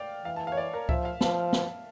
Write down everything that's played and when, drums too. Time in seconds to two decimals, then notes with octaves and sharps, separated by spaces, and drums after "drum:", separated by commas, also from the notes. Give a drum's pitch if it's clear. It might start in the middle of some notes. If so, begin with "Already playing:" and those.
Already playing: D5 F5 G5
0.25 E3 F5
0.36 A5
0.47 F5
0.52 C#5
0.57 D5
0.74 A#4
0.89 F3 E5, drum: kick C#2
1.05 F5
1.21 F3 A5, drum: snare
1.53 drum: snare